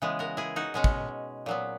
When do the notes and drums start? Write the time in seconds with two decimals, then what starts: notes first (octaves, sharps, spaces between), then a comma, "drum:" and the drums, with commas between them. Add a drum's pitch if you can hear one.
0.02 C#3 E3 G#3 B3
0.19 F#4 A#4
0.37 E4 G#4
0.56 D#4 F#4
0.74 B2 G#3 C#4
0.84 drum: kick
1.46 A#2 F#3 B3